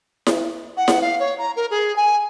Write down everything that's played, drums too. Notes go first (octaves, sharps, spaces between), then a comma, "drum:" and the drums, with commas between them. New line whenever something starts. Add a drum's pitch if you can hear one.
drum: snare E4
F#5
drum: snare E4
F5
C#5
A#5
A#4
G#4
G#5